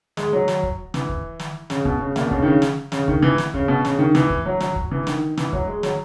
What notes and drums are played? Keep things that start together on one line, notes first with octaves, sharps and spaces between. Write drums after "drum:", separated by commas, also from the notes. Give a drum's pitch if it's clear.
G#3, drum: snare
F#3
drum: snare
drum: kick
E3, drum: snare
drum: kick
drum: snare
C#3, drum: snare
B2, drum: kick
C#3
A#2, drum: snare
B2
C#3, drum: kick
D#3
C#3
drum: snare
C#3, drum: snare
D#3, drum: kick
E3
drum: snare
C#3, drum: kick
B2
C#3, drum: snare
D#3
E3, drum: snare
drum: kick
F#3
F#3, drum: snare
drum: kick
E3
D#3, drum: snare
E3, drum: snare
F#3, drum: kick
G#3
F#3, drum: snare